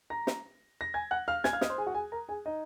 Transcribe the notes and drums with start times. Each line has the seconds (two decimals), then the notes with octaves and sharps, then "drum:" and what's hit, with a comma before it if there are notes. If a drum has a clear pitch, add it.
0.10 A#5 A#6
0.27 drum: snare
0.81 A#6
0.94 G#5 G#6
1.11 F#5 F#6
1.28 F5 F6
1.44 G#5 G#6, drum: snare
1.53 F5 F6
1.61 D#5 D#6, drum: snare
1.70 C5 C6
1.78 G#4 G#5
1.87 F#4 F#5
1.94 G#4 G#5
2.12 A#4 A#5
2.28 G#4 G#5
2.46 D#4 D#5